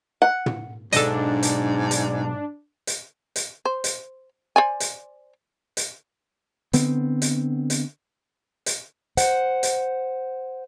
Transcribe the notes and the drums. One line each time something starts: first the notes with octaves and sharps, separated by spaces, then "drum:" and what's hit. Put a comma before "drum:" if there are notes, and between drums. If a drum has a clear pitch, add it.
F#5
drum: tom
B1 G#2 D4 A4 D#5, drum: hi-hat
drum: hi-hat
drum: hi-hat
drum: hi-hat
drum: hi-hat
C5
drum: hi-hat
C5 D5 G#5
drum: hi-hat
drum: hi-hat
D3 B3 C4, drum: hi-hat
drum: hi-hat
drum: hi-hat
drum: hi-hat
C5 F#5, drum: hi-hat
drum: hi-hat